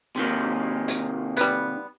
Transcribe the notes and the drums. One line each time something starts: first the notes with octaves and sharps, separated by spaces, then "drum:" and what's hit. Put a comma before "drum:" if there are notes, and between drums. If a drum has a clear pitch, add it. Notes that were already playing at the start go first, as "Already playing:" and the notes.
C3 D#3 A#3
drum: hi-hat
G3 B3, drum: hi-hat